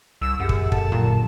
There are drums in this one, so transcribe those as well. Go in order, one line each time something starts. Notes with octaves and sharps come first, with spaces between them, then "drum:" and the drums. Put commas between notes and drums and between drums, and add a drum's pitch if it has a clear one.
C2 E6
F#2 G4 G#4 F#5
drum: kick
A4 F#5 A5, drum: kick
A#2 D3 F3 F#3